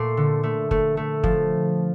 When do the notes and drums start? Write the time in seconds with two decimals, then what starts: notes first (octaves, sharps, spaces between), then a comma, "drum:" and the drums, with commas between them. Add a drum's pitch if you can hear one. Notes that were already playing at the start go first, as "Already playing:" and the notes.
Already playing: A#2 A3 C6 D6
0.17 D3
0.43 A3
0.71 A3, drum: kick
0.97 A3
1.24 F3, drum: kick